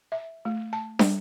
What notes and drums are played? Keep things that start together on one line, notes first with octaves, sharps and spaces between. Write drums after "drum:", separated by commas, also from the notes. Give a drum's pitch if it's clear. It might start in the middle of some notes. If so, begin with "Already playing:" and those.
E5
A3
A5
G3, drum: snare